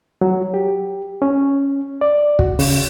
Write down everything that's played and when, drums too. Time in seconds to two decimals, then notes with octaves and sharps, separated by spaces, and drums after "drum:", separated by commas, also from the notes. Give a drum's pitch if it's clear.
0.21 F#3
0.54 G4
1.22 C#4
2.01 D5
2.39 F#4, drum: kick
2.59 C#3, drum: open hi-hat